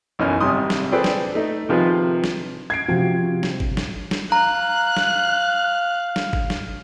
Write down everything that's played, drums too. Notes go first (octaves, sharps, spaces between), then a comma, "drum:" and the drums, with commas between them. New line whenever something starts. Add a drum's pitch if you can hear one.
B1 F#2 E3 D#5 G#5 F6
G#1 C3 G3 C6 D#6
drum: snare
G#4 A4 B4 C5 D5 G5
drum: snare
A3 D#4
C3 D#3 F3 F4 G#4 B4
drum: snare
G#6 C7 D7
C3 F3 C4 F4 F#4
drum: snare
drum: kick G1
drum: snare
drum: snare
F5 A#5 F#6
drum: snare
drum: snare
drum: kick G1
drum: snare